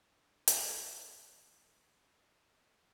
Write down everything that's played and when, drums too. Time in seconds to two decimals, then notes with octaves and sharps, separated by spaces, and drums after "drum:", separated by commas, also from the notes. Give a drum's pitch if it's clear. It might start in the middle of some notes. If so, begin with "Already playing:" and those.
0.04 D4
0.48 drum: hi-hat
0.84 D#5
1.96 D#5